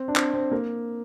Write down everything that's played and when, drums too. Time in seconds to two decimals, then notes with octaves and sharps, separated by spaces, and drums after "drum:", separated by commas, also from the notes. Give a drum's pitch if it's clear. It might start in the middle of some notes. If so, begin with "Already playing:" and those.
Already playing: C4
0.08 D4
0.16 C4, drum: clap
0.34 C4
0.51 A#3